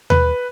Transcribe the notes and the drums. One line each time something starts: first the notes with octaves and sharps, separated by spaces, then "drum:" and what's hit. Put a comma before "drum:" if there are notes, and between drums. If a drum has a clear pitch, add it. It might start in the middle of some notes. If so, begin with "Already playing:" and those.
B4, drum: tom D#2